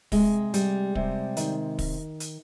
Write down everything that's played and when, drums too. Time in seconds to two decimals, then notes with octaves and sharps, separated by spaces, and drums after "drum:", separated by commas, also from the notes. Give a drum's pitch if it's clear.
0.12 C3 G#3, drum: kick, open hi-hat
0.54 G3, drum: hi-hat
0.95 C3, drum: kick
1.37 D#3, drum: hi-hat
1.79 drum: kick, open hi-hat
2.20 drum: hi-hat